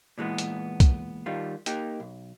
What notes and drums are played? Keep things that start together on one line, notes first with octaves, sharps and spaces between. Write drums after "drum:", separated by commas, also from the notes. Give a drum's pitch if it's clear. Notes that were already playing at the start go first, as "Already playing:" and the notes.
A#2 E3 G#3 B3
drum: hi-hat
drum: kick B1, hi-hat
D#3 G3 F4
A#3 D#4 G4, drum: hi-hat
B1